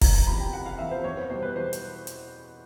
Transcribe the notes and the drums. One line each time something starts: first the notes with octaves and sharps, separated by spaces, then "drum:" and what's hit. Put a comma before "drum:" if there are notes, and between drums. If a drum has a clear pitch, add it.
F#1 A#5, drum: kick F1, open hi-hat
A#5
E2 C3 F3 B5
G5
F#1 F#5
F5
E2 C3 F3 E5
C5
E2 C#5
C5
B2 G3 C5
B4
E2 C5
drum: hi-hat
drum: hi-hat